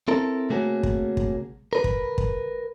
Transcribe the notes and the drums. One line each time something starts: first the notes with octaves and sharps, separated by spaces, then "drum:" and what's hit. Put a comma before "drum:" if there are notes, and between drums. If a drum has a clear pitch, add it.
C4 E4 A4 A#4
C3 A3 A#3 C#4 F#4 G#4
drum: kick
drum: kick
A#4 B4
drum: kick
drum: kick